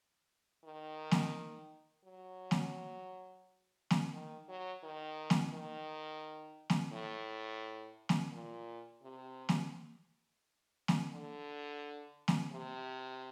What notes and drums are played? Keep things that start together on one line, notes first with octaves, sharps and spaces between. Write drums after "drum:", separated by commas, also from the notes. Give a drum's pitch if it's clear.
D#3
drum: snare
F#3
drum: snare
drum: snare
D#3
F#3
D#3
drum: snare
D#3
drum: snare
A2
drum: snare
A#2
C3
drum: snare
drum: snare
D3
drum: snare
C3